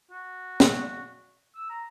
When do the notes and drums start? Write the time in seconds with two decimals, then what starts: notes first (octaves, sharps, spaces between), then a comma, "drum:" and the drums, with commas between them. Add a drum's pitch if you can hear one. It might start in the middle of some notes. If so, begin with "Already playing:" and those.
0.12 F#4
0.60 drum: snare
1.55 E6
1.70 A#5